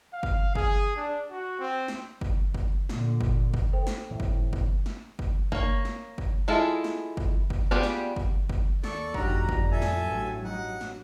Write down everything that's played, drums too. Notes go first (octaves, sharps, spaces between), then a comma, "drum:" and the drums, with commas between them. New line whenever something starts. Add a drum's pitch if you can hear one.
F5
drum: kick G1
G#4, drum: kick G1
D4
F#4
C4
drum: snare
drum: kick G1
drum: kick G1
A#2 D3, drum: snare
drum: kick G1
drum: kick G1
A4 C5 G5
drum: snare
A2 E3 C4
drum: kick G1
drum: kick G1
drum: snare
drum: kick G1
A#3 C#5, drum: kick G1
drum: snare
drum: kick G1
G#3 E4 F4 G#4 A4
drum: snare
drum: kick G1
drum: kick G1
G3 B3 F4 G4 G#4
drum: snare
drum: kick G1
drum: kick G1
D#2 A4 D5 C#6, drum: snare
F2 A2 G3 D4 D#4 F#4 A#5, drum: kick G1
drum: kick G1
A4 E5 G#5
drum: snare
A1 G2 F#3
F#3 D#4 F#5
drum: snare